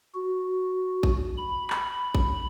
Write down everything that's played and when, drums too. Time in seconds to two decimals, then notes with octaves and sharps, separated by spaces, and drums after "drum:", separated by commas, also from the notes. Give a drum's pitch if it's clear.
0.14 F#4
1.03 drum: kick A1
1.37 B5
1.70 drum: clap
2.15 drum: kick A1